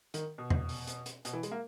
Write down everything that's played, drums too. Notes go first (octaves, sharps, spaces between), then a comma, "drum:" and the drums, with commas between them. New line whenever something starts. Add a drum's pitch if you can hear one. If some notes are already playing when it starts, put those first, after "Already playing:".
D#3, drum: hi-hat
B2
drum: tom E2
drum: open hi-hat
drum: hi-hat
drum: hi-hat
B2, drum: hi-hat
E3
G#3, drum: hi-hat
A#3